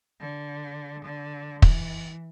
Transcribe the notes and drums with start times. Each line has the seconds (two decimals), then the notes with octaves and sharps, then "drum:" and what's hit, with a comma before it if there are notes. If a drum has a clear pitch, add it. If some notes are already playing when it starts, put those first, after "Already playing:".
0.20 D3
1.05 D3
1.62 E3, drum: kick